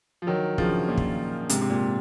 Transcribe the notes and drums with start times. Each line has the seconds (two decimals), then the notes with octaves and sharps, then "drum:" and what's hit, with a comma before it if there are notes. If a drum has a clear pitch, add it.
0.22 F3
0.27 D#3 F#3
0.58 C#3 F3, drum: kick
0.88 A#2
0.97 drum: kick
1.49 G#2 C3, drum: hi-hat
1.61 C3
1.70 A#2